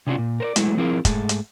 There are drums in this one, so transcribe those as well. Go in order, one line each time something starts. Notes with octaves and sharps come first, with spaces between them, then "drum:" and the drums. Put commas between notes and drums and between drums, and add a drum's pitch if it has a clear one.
C3 C#4 D4 F4 F#4
A#2
A#4 C5 D5
F#3 G#3 A3 B3 E4, drum: hi-hat
F3 C4 E4 F4 G#4 A#4
G#2 G#3 A3 A5, drum: kick, hi-hat
drum: hi-hat